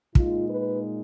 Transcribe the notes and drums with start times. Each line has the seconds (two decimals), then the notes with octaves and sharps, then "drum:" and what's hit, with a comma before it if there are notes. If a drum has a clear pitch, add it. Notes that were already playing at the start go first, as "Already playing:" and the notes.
0.15 A#2 G#3 D#4 F4, drum: kick
0.49 B4